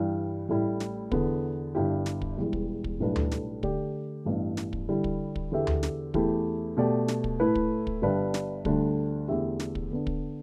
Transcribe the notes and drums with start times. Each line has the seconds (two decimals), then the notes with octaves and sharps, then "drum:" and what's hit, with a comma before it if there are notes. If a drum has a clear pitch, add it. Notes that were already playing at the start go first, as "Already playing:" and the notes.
Already playing: G2 E3 G3
0.48 A1 A2 G3 E4
0.80 drum: snare
1.12 E2 D3 B3, drum: kick
1.75 G1 G2 G3 E4 G4
2.06 drum: snare
2.22 drum: kick
2.37 E1 E2 E3 G3
2.53 drum: kick
2.84 drum: kick
3.00 B1 A2 G3 D4 B4
3.16 drum: tom D2
3.31 drum: snare
3.63 D3 A3 G4 D5, drum: kick
4.25 A1 G2 E3 B3 D4
4.57 drum: snare
4.73 drum: kick
4.89 D3 G3 E4 G4
5.04 drum: kick
5.36 drum: kick
5.51 E2 D3 B3 G4 E5
5.67 drum: tom D2
5.83 drum: snare
6.14 E2 E3 A3 E4 G4, drum: kick
6.77 B2 A3 G4 D5
7.08 drum: snare
7.24 drum: kick
7.40 A2 A3 E4 B4
7.55 drum: kick
7.87 drum: kick
8.02 G1 G2 G3 D4 B4
8.34 drum: snare
8.65 D2 D3 G3 D4, drum: kick
9.28 E2 D3 A3 G4 E5
9.60 drum: snare
9.75 drum: kick
9.91 D3 B3 D4
10.07 drum: kick